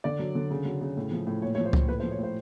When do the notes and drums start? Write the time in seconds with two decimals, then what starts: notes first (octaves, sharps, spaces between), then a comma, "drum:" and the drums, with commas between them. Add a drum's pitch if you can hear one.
0.04 D3 D5
0.19 F#3
0.35 D3
0.51 C#3
0.65 F#3
0.81 C#3
0.97 A2
1.12 F3
1.27 A2
1.42 A#2 C#5
1.55 F3 C#5
1.65 C5
1.73 A#2, drum: kick C#2
1.88 A2 B4
2.00 C5
2.03 F3
2.11 C#5
2.19 A2 C5